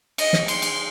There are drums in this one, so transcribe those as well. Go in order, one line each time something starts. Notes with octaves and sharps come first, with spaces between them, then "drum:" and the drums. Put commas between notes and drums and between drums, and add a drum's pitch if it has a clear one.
D#5, drum: cymbal
drum: snare
C6, drum: cymbal
drum: cymbal